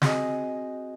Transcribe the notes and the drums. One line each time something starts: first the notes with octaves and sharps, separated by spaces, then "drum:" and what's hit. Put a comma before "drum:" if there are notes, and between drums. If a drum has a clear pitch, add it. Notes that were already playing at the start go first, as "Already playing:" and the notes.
C4 F#4 G#4 D#5, drum: snare